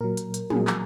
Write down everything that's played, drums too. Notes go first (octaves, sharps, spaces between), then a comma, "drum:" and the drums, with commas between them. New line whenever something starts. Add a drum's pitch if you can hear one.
A#2 F#3 A#4
drum: hi-hat
drum: hi-hat
A#2 F#3 G#4, drum: tom
drum: clap